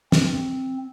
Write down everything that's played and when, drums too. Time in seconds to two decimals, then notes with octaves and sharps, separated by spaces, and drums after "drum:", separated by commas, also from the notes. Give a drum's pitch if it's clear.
0.12 C4, drum: snare